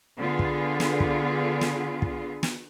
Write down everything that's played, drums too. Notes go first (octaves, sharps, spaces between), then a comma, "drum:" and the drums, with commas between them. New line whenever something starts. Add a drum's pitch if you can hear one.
D3 B3 F4 G#4
drum: kick
drum: snare
drum: kick
drum: snare
drum: kick
drum: snare